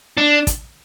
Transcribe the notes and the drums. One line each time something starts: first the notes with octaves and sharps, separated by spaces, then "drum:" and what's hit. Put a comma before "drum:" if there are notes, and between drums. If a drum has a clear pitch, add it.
D4
drum: kick, hi-hat